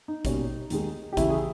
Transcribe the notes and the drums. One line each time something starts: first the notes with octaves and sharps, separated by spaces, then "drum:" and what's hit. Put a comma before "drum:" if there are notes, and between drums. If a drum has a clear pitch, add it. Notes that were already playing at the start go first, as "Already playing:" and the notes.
D#4
B2 G3 A#3 C#4, drum: kick G#1, hi-hat
D#2 D#3 G#3, drum: hi-hat
G4
D#2 C#3 E3 E4, drum: kick G#1, hi-hat
G#4